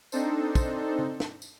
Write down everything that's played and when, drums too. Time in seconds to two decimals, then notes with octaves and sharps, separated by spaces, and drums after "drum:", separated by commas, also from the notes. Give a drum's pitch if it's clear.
0.12 C4 D4 D#4 A4 C5, drum: tambourine
0.55 drum: kick, tambourine
0.99 drum: tom C#3
1.20 drum: snare
1.42 drum: tambourine